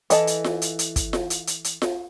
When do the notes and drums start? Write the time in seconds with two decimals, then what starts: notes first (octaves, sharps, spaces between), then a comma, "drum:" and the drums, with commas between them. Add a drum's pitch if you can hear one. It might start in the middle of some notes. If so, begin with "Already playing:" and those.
0.10 E3 A4 D#5 A5, drum: hi-hat
0.27 drum: hi-hat
0.44 drum: snare F4
0.62 drum: hi-hat
0.79 drum: hi-hat
0.96 drum: kick, hi-hat
1.13 drum: snare F4
1.30 drum: hi-hat
1.47 drum: hi-hat
1.64 drum: hi-hat
1.82 drum: snare F4